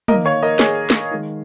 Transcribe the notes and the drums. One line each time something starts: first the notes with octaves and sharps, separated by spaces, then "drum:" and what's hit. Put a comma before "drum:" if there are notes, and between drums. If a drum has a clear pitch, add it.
D#3 A#3 A#4 D#5, drum: tom
C#5 F5
A#4 D#5
G#4 C#5, drum: snare
drum: snare
D#3 G#3